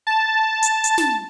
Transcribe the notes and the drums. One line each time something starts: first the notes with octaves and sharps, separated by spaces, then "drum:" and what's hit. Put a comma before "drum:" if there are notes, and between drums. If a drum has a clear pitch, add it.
A5
drum: hi-hat
drum: hi-hat
drum: snare